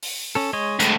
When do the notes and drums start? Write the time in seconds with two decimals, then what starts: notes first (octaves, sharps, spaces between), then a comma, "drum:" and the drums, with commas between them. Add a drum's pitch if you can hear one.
0.03 drum: open hi-hat
0.35 C#4 A4
0.53 G#3 C#5 D#5
0.80 D2 A2 G#3, drum: hi-hat